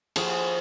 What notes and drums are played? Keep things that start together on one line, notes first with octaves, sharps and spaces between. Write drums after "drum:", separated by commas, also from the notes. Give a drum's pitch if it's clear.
F3 G#4, drum: cymbal